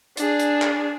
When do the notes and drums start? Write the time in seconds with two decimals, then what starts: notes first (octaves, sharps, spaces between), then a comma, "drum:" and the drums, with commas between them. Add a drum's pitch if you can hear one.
0.17 D4 G#4, drum: hi-hat
0.40 drum: hi-hat
0.62 drum: clap